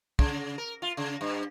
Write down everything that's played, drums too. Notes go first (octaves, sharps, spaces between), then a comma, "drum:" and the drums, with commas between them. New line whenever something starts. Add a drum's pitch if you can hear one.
C#3, drum: kick
A#4
F4
C#3
G2